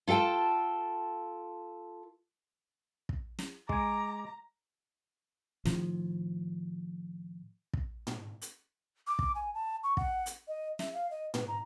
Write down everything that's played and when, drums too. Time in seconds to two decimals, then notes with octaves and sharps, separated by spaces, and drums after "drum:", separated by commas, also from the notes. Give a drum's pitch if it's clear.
0.07 F4 A4 F5 G5 A5
3.09 drum: kick
3.39 drum: snare
3.69 G#3 G#5 A#5 D6, drum: kick
5.65 A2 D#3 F3, drum: snare
7.73 drum: kick
8.07 drum: tom
8.42 drum: hi-hat
9.08 D6
9.19 drum: kick
9.35 G#5
9.54 A5
9.84 C#6
9.97 F#5, drum: kick
10.26 drum: hi-hat
10.48 D#5
10.79 E5, drum: snare
10.94 F5
11.11 D#5
11.34 B4, drum: tom
11.48 A#5